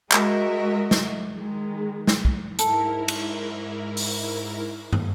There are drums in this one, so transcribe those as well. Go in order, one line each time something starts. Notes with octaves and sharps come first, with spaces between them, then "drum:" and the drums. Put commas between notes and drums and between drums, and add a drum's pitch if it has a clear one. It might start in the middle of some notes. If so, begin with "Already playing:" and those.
G#3 F#4 A#4 D#5 E5, drum: clap
drum: snare
D#3 G#3
drum: snare
drum: kick
G#2 E4 A4 A#4, drum: hi-hat
drum: cymbal
drum: open hi-hat
drum: tom